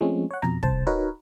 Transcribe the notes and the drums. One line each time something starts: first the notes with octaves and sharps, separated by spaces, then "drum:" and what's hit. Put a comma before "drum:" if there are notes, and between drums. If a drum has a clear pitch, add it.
F3 G#3 A3 C4 C#4
C#5 F#5
F2 B2 A#5, drum: rim click
C2 C5 A5, drum: kick
D#4 F#4 A#4 B4 C#5